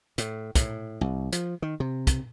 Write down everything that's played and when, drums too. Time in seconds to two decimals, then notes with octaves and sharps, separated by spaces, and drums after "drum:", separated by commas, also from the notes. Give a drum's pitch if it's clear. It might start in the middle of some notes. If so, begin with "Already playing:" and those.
0.18 A2, drum: hi-hat
0.55 A2, drum: kick, hi-hat
1.01 C2
1.33 F3, drum: hi-hat
1.62 D#3
1.80 C3
2.07 drum: kick, hi-hat